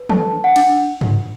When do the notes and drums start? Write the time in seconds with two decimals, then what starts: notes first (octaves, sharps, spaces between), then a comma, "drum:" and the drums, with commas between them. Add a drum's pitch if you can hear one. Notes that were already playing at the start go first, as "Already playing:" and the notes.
Already playing: B4
0.09 A4 A5, drum: tom
0.32 D4
0.44 F#5
0.56 D4, drum: cymbal
1.01 drum: tom G2